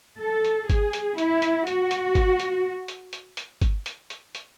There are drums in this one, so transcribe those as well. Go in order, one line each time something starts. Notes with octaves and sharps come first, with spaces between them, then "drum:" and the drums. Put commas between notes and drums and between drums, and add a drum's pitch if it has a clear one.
A4
drum: hi-hat
G#4, drum: kick G1, hi-hat
drum: hi-hat
E4, drum: hi-hat
drum: hi-hat
F#4, drum: hi-hat
drum: hi-hat
drum: kick G1, hi-hat
drum: hi-hat
drum: hi-hat
drum: hi-hat
drum: hi-hat
drum: kick G1, hi-hat
drum: hi-hat
drum: hi-hat
drum: hi-hat